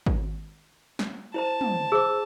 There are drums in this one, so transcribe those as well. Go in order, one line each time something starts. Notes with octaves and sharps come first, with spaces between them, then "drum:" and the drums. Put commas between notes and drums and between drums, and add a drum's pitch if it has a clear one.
drum: kick G#1
drum: snare
E4 C5 A5 A#5
drum: tom
G#4 C5 D6 E6